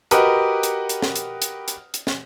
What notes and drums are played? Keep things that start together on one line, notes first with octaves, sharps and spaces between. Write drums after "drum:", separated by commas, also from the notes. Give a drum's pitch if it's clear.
F#4 G4 A#4 B4 D#5 F#5, drum: hi-hat
drum: hi-hat
drum: hi-hat
drum: snare
drum: hi-hat
drum: hi-hat
drum: hi-hat
drum: hi-hat
drum: snare